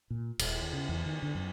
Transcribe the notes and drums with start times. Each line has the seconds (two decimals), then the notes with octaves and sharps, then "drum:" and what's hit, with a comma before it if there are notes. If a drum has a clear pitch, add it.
0.10 A#2
0.39 D#1, drum: cymbal
0.61 D#2
0.73 C#3
0.89 E2
1.06 D#3
1.23 D3
1.35 F#2